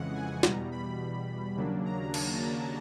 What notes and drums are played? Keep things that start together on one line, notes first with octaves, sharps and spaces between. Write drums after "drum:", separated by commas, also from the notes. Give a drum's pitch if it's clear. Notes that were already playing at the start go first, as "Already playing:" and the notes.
Already playing: F2 C#3 E3 G#3 F#5
G#5
E2 B2 G3 A#5, drum: snare
B5
D#2 C#3 F#3 A#3 D4
A#5
A5, drum: cymbal
A#5